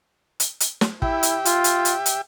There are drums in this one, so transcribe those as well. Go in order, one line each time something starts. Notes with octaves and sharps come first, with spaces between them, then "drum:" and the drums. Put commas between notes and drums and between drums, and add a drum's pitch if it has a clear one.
drum: hi-hat
drum: hi-hat
drum: snare
E4 G4 E5 G5, drum: kick
drum: hi-hat
F4, drum: hi-hat
drum: hi-hat
drum: hi-hat
drum: hi-hat